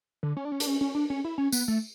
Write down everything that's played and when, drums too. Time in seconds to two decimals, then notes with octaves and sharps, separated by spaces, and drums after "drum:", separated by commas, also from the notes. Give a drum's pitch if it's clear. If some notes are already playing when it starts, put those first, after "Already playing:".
0.23 D3
0.37 C#4
0.45 D4
0.52 C#4
0.60 D4, drum: hi-hat
0.67 C#4
0.81 C#4
0.95 D4
1.10 C#4
1.25 E4
1.38 C#4
1.52 B3, drum: tambourine
1.68 A3